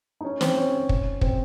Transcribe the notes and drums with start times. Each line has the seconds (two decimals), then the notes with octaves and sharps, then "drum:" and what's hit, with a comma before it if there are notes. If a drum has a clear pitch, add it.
0.21 D#4
0.25 C#4
0.41 C4, drum: snare
0.57 C#4
0.89 drum: kick
1.21 C4, drum: kick